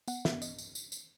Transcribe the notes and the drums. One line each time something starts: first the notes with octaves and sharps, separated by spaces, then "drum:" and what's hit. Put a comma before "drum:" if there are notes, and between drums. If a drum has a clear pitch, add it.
B3 F#5, drum: tambourine
E5, drum: snare
B3
D#5, drum: tambourine
drum: tambourine
drum: tambourine
drum: tambourine